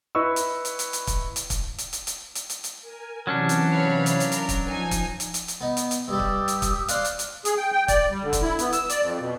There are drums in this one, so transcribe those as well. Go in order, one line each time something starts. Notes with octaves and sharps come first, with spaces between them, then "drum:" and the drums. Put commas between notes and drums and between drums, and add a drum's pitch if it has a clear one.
E4 B4 D#5 C#6 E6
drum: hi-hat
drum: hi-hat
drum: hi-hat
drum: hi-hat
drum: kick, hi-hat
drum: hi-hat
drum: kick, hi-hat
drum: hi-hat
drum: hi-hat
drum: hi-hat
drum: hi-hat
drum: hi-hat
drum: hi-hat
A#4 G#5
C3 E3 F#3 C#4 D4
drum: hi-hat
C#5 F5 B5
drum: hi-hat
drum: hi-hat
A#4, drum: hi-hat
drum: kick, hi-hat
F3 D#4 G#5
drum: kick, hi-hat
drum: hi-hat
drum: hi-hat
drum: hi-hat
B3 D#4
drum: hi-hat
drum: hi-hat
G2 G3 G4 D#6 E6
drum: kick
drum: hi-hat
drum: kick, hi-hat
C5 D5 F5 C6 F6 F#6, drum: hi-hat
drum: hi-hat
drum: hi-hat
G#4, drum: hi-hat
G5
G5
D5, drum: kick, hi-hat
G3
D3
drum: kick, hi-hat
E4
B3, drum: hi-hat
E6, drum: hi-hat
D5, drum: hi-hat
F2
B2